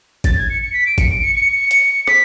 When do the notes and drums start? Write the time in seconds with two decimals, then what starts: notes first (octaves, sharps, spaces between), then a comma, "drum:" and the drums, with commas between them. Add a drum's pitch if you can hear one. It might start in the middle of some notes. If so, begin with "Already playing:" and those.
0.24 A6, drum: kick, hi-hat
0.36 G#6
0.50 C#7
0.61 C#7
0.73 B6
0.86 D7
0.98 C#7, drum: kick, hi-hat
1.09 D7
1.22 C#7
1.35 C#7
1.71 drum: hi-hat
2.08 B6, drum: rim click